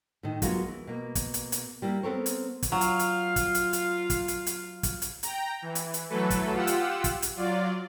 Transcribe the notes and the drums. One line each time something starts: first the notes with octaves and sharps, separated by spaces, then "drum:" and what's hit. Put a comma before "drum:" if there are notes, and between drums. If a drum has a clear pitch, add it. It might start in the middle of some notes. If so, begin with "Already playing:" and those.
A2 D#3
F#3 G#3 A#3 B3 F4 F#4, drum: kick, hi-hat
E3
B2 A#3
drum: kick, hi-hat
drum: hi-hat
drum: hi-hat
G3 A#3 E4
B3 C4 A4 A#4 C5 C#5
drum: hi-hat
drum: kick, hi-hat
F#3 F4 F5
drum: hi-hat
drum: hi-hat
drum: kick, hi-hat
drum: hi-hat
drum: hi-hat
drum: kick, hi-hat
drum: hi-hat
drum: hi-hat
drum: kick, hi-hat
drum: hi-hat
G5 A#5, drum: hi-hat
E3
drum: hi-hat
drum: hi-hat
E3 F#3 A3 A4 B4
drum: kick, hi-hat
F4 G4 F#5 E6
drum: hi-hat
drum: kick, hi-hat
drum: hi-hat
F#3 F4 D5